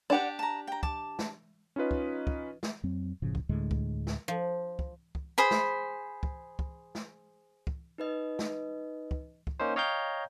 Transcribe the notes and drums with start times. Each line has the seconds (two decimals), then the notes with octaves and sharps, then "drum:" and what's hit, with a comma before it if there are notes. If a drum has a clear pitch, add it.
0.10 D4 G4 D5 F#5 G5
0.39 A5 A#5
0.67 G5 A#5
0.83 A5 D6, drum: kick
1.19 drum: snare
1.76 C#4 D#4 F4 B4 D#5
1.91 drum: kick
2.27 drum: kick
2.63 drum: snare
2.83 F2 F#3 C4
3.22 F#1 A2 C#3 F3
3.35 drum: kick
3.49 D2 A2 D3 G#3
3.71 drum: kick
4.07 drum: snare
4.28 F3
4.79 drum: kick
5.15 drum: kick
5.38 G#4 C5 B5
5.51 drum: snare
6.23 drum: kick
6.59 drum: kick
6.95 drum: snare
7.67 drum: kick
7.98 D#4 B4 D#5
8.39 drum: snare
9.11 drum: kick
9.47 drum: kick
9.60 A#3 C#4 D#4 C5
9.76 C#5 D#5 F5 G5 A#5 G6